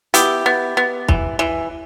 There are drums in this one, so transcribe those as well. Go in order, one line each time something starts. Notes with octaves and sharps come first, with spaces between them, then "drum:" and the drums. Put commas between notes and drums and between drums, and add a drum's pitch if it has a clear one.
B3 E4 G4, drum: hi-hat
B3
B3
E3, drum: kick
E3